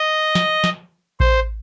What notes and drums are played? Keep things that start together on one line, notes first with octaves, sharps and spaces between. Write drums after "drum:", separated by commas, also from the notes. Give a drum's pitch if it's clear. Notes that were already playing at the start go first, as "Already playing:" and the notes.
Already playing: D#5
drum: snare
drum: snare
C5, drum: kick A1